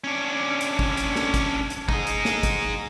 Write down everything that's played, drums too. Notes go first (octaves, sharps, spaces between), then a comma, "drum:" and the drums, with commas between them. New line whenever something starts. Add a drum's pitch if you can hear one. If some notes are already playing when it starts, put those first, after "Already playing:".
C#4 D4
drum: hi-hat
drum: kick
drum: hi-hat
drum: snare
drum: kick, hi-hat
drum: hi-hat
D#4 G#4, drum: kick
drum: hi-hat
drum: snare
drum: kick, hi-hat